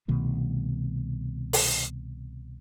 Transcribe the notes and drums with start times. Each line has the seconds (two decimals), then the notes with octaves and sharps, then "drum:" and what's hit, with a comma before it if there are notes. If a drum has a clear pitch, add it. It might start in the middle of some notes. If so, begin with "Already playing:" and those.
0.08 C2 B2 D#3 A3
1.53 drum: open hi-hat